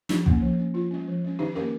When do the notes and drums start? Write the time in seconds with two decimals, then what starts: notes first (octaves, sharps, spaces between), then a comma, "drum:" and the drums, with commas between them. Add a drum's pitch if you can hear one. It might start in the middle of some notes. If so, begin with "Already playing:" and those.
0.09 F3 D#4 G4, drum: snare
0.26 A#3 C#4, drum: kick
0.42 F3
0.59 A#3 C#4
0.74 F3 F4
0.91 G#3 C#4
1.08 F3
1.24 G#3 C#4
1.39 D#3 D#4 G4
1.55 A#3 C#4 G4 A#4